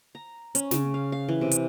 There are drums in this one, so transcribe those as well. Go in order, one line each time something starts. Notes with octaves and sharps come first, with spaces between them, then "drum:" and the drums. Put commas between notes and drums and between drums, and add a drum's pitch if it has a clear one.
A#5
C#4, drum: hi-hat
C#3, drum: snare
F5
F5
E3
C3
drum: hi-hat